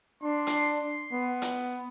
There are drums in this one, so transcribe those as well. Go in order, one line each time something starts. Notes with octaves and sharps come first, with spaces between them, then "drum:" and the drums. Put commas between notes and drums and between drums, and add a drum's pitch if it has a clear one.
D4 C6
drum: hi-hat
B3
drum: hi-hat